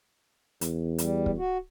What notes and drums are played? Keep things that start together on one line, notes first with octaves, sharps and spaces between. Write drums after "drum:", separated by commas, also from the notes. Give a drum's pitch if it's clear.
E2, drum: hi-hat
G3, drum: hi-hat
drum: kick
F#4